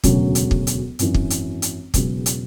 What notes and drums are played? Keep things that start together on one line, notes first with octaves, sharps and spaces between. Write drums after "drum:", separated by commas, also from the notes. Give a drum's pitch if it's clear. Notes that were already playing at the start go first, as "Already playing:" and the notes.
E1 D2 C#3 F#3 C#4, drum: kick, hi-hat
drum: hi-hat
drum: kick
drum: hi-hat
G#1 F#2 E3, drum: hi-hat
drum: kick
drum: hi-hat
drum: hi-hat
E1 E2 C#3 F#3 C#4, drum: kick, hi-hat
drum: hi-hat